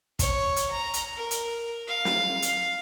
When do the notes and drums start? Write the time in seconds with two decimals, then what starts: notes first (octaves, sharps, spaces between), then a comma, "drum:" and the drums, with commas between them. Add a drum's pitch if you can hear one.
0.19 C#5, drum: kick, hi-hat
0.56 drum: hi-hat
0.70 A#5
0.94 drum: hi-hat
1.16 A#4
1.31 drum: hi-hat
1.87 F5
2.05 drum: snare
2.42 drum: hi-hat